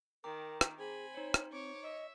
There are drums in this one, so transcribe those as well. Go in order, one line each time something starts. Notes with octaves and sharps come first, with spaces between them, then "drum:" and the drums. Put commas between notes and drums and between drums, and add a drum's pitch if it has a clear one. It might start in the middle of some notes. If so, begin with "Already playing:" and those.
D#3 A#4 G5 A#5 D6
drum: rim click
C4 G#4 G#5 B5
D#4 C5 C#5
drum: rim click
C4 C#5 D6
D#5 E5